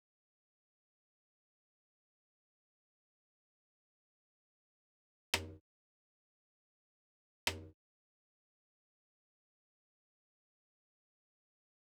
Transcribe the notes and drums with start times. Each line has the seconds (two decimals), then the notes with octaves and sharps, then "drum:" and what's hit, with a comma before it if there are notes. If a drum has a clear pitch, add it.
0.10 G#4 F#5 G#5
1.03 F5 C6 A6 A#6
1.18 G4 A4 B4 F5 A5
1.38 G5 G#5 B5 C#6
1.52 B4 C5 D#5 A#5 F6
1.90 A#3 B3 D#4 F#4 G4
2.31 C#3 G3 G#3 C4
2.58 C4 G#4
2.96 C#3
3.28 A4
3.50 B4 F5
4.38 F#5 B5 E6
5.34 drum: rim click
7.02 C4 D4 D#4 F4 G#4 C5
7.47 drum: rim click
9.41 G#5
9.69 D#4
9.95 A2
10.08 E2
10.32 B2
10.47 D#5
11.19 D2
11.44 G#5